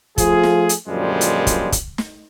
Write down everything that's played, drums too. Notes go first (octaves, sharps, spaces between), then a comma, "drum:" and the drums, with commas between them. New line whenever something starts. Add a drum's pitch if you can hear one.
F3 A3 F4 G#4, drum: kick, hi-hat
drum: snare
drum: hi-hat
F#2 A#2 D3 F3 G3 G#3
drum: hi-hat
drum: kick, hi-hat
drum: kick, hi-hat
drum: snare